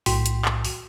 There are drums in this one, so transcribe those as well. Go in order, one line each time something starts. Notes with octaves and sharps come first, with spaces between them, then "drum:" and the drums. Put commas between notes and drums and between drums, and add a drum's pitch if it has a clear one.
B1 A2 F#4 G5 C6 B6, drum: open hi-hat
drum: hi-hat
drum: clap
drum: open hi-hat